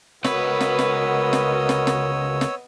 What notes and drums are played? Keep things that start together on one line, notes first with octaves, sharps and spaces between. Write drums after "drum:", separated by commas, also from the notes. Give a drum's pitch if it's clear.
C#2 B3 F#4 A#4 B4 C#5 D#5 E6, drum: snare
drum: snare
drum: snare
drum: snare
drum: snare
drum: snare
drum: snare